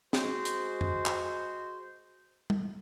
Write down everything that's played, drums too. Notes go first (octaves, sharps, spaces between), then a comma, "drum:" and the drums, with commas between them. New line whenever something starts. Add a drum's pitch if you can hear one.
G#3 F#4 C5, drum: snare
drum: hi-hat
drum: tom F2
drum: clap
drum: tom